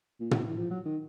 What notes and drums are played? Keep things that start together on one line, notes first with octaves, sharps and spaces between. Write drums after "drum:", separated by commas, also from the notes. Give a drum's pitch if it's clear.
A#2
B2, drum: tom
E3
F3
F#3
D#3